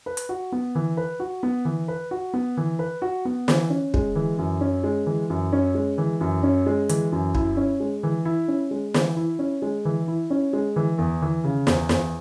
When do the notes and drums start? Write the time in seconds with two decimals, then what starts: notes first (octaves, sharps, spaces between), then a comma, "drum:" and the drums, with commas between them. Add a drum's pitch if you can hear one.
0.06 B4
0.17 drum: hi-hat
0.29 F#4
0.52 B3
0.75 E3
0.97 B4
1.20 F#4
1.43 B3
1.65 E3
1.88 B4
2.11 F#4
2.34 B3
2.57 E3
2.79 B4
3.02 F#4
3.25 B3
3.48 E3, drum: snare
3.70 C#4
3.94 G#3, drum: kick
4.16 E3
4.39 F#2
4.61 C#4
4.84 G#3
5.06 E3
5.30 F#2
5.53 C#4
5.75 G#3
5.98 E3
6.21 F#2
6.43 C#4
6.66 G#3
6.89 E3, drum: hi-hat
7.12 F#2
7.35 E4, drum: kick
7.57 C#4
7.80 G#3
8.03 E3
8.25 E4
8.48 C#4
8.71 G#3
8.94 E3, drum: snare
9.16 E4
9.39 C#4
9.62 G#3
9.85 E3
10.08 E4
10.30 C#4
10.53 G#3
10.76 E3
10.98 E2
11.22 E3
11.44 C#3
11.67 E2, drum: snare
11.89 E2, drum: snare